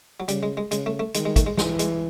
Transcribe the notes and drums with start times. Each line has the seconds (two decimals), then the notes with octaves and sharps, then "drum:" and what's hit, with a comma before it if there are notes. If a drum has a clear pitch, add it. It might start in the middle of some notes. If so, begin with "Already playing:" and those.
0.20 F#3
0.28 C#3 G3, drum: hi-hat
0.43 G#3
0.57 G#3
0.71 C#3 G#3, drum: hi-hat
0.86 A3
0.99 A3
1.14 D#3 G#3, drum: hi-hat
1.26 G#3
1.36 A3, drum: kick, hi-hat
1.47 G#3
1.58 E3 G#3, drum: snare
1.79 G#3, drum: hi-hat